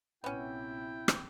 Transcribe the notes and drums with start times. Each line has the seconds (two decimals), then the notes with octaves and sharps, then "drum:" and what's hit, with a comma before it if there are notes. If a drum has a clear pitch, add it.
0.24 A#1 C3 B3 C#4 E4 G5
1.08 drum: rim click